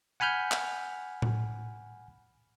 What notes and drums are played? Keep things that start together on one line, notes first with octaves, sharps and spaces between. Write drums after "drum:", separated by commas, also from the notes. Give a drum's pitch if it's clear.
F#5 G#5 B5 F6 G6
drum: clap
drum: tom A2